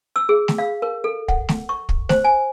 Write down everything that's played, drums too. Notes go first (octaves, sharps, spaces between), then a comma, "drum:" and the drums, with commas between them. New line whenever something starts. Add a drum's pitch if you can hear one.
E6
G#4
drum: snare A3
F5
A#4
A4
F#5, drum: kick
drum: snare A3
C#6
drum: kick
C5, drum: snare A3
G#5